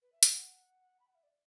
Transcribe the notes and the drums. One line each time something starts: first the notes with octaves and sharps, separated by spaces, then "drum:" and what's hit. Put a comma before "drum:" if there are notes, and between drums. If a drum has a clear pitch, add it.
B4
E5
F#5, drum: hi-hat
B5
F#5
E5
D5